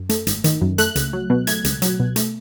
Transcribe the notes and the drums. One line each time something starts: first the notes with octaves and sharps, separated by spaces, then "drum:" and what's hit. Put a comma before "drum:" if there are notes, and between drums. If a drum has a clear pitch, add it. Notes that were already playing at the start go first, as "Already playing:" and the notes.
Already playing: F#2
A3, drum: hi-hat
G#1, drum: hi-hat
D#3, drum: hi-hat
F#2
A3 F#6, drum: hi-hat
C#2, drum: hi-hat
F#3
B2
A3 G#6, drum: hi-hat
C#2, drum: hi-hat
F#3, drum: hi-hat
B2
A3, drum: hi-hat